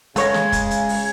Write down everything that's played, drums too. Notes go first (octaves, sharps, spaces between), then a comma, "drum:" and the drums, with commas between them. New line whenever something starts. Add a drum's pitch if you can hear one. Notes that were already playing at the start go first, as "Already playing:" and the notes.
C#3 G#3 A3 C#5 D#5 G#6, drum: hi-hat
drum: snare
drum: kick, hi-hat
drum: hi-hat
drum: open hi-hat